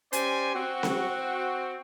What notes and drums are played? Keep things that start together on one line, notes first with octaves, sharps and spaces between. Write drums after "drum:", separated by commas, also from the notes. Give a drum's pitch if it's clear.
C#4 G4 C5 D5 G#5, drum: hi-hat
C4 F#4
drum: snare C4